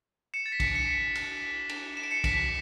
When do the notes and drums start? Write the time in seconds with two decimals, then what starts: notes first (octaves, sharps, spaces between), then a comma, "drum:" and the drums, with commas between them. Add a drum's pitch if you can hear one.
0.34 C#7 E7
0.46 A6
0.52 B6
0.60 C#7, drum: kick, cymbal
0.67 D7
0.75 C#7 E7
1.15 drum: cymbal
1.69 drum: cymbal
1.97 E7
2.03 D7
2.11 C#7 E7
2.24 B6 D7, drum: kick, cymbal